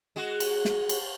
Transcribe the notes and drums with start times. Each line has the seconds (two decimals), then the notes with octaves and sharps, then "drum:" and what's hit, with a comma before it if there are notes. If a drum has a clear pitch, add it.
0.16 G#3 F#4
0.40 drum: cymbal
0.65 drum: snare
0.89 drum: cymbal